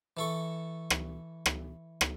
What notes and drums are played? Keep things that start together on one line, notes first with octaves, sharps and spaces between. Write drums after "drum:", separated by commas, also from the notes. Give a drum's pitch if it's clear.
E3 A4 C#6
drum: rim click
drum: rim click
drum: rim click